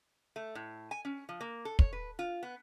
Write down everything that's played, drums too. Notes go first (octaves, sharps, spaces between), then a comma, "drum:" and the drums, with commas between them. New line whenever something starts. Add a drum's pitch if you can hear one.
A3
A2
G#5
C#4
F3
A#3
A4
C#5, drum: kick
B4
F4
B3